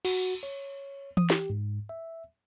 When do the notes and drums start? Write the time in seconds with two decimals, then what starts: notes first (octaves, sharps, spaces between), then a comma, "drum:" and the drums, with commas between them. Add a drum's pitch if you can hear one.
0.05 F#4, drum: cymbal
0.43 C#5
1.17 D#6, drum: tom E3
1.30 G4, drum: snare
1.50 G#2
1.89 E5